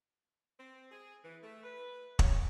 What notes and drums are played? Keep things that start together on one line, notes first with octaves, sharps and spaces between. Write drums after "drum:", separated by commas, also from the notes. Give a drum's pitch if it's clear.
C4
G#4
E3
A3
B4
C#5, drum: kick